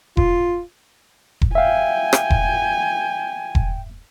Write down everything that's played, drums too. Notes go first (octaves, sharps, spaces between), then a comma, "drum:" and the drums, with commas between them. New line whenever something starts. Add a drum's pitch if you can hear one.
F4, drum: kick E1
drum: kick E1
E5 F5 G5 G#5
drum: rim click
drum: kick E1
drum: kick E1